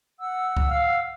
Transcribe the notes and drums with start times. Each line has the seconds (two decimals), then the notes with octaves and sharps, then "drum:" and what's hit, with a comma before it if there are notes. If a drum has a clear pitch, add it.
0.20 F#5 E6
0.57 drum: kick C2
0.69 F5